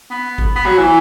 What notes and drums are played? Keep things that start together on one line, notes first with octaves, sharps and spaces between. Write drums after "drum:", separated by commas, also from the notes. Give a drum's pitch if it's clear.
B3
drum: kick G1
B3
F#3
E3